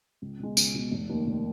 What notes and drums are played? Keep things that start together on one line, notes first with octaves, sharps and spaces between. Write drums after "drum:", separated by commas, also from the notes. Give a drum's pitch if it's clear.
C#2
B2 G#3
C#2, drum: tambourine
B2 G#3
F1
D#2 D#3 A#3
F1